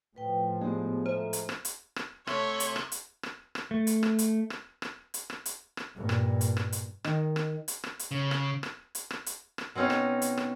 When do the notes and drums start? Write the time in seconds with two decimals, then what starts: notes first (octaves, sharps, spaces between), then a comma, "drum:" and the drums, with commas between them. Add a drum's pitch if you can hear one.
0.16 A2 F3 B4 G5
0.61 G#3 B3 D4 G4 G#4
1.06 A4 C5 E5 A#5
1.33 drum: hi-hat
1.49 drum: rim click
1.65 drum: hi-hat
1.96 drum: rim click
2.27 C3 A3 C#5 E5, drum: rim click
2.60 drum: hi-hat
2.76 drum: rim click
2.92 drum: hi-hat
3.23 drum: rim click
3.55 drum: rim click
3.71 A3
3.87 drum: hi-hat
4.03 drum: rim click
4.19 drum: hi-hat
4.50 drum: rim click
4.82 drum: rim click
5.14 drum: hi-hat
5.30 drum: rim click
5.46 drum: hi-hat
5.77 drum: rim click
5.95 G2 A#2
6.09 drum: rim click
6.41 drum: hi-hat
6.57 drum: rim click
6.72 drum: hi-hat
7.04 D#3, drum: rim click
7.36 drum: rim click
7.68 drum: hi-hat
7.84 drum: rim click
7.99 drum: hi-hat
8.11 C#3
8.31 drum: rim click
8.63 drum: rim click
8.95 drum: hi-hat
9.11 drum: rim click
9.26 drum: hi-hat
9.58 drum: rim click
9.75 B2 C4 C#4 D#4 F5
9.90 drum: rim click
10.22 drum: hi-hat
10.37 drum: rim click